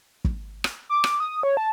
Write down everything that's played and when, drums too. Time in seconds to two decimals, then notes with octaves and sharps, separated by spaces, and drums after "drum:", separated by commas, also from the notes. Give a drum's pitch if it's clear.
0.24 drum: kick
0.64 drum: rim click
0.89 D6
1.04 drum: rim click
1.20 D#6
1.43 C#5
1.57 A5